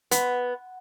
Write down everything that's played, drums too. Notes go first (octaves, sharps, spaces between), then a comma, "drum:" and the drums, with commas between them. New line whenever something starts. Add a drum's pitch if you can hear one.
B3, drum: hi-hat